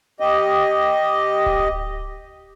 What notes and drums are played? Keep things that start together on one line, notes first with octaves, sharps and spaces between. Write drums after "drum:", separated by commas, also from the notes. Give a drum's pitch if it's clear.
G4 D#5
drum: kick D1